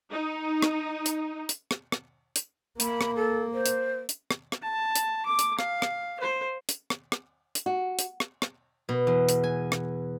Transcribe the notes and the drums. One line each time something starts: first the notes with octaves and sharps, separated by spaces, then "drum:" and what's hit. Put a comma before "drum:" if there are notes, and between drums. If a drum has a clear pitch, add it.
D#4
drum: rim click
drum: hi-hat
drum: hi-hat
drum: rim click
drum: rim click
drum: hi-hat
A#3 B5, drum: hi-hat
drum: rim click
A4
C5
drum: hi-hat
drum: hi-hat
drum: rim click
drum: rim click
A5
drum: hi-hat
D6
drum: hi-hat
F5, drum: rim click
drum: rim click
C5
drum: hi-hat
drum: rim click
drum: rim click
drum: hi-hat
F#4
drum: hi-hat
drum: rim click
drum: rim click
B2
E2
drum: hi-hat
G#5
drum: rim click